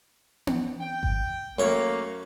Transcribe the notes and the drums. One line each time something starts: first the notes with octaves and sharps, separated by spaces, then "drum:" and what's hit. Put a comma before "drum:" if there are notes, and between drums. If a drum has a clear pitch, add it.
drum: tom B3
G5
drum: kick G#1
F#2 A3 A#3 C#5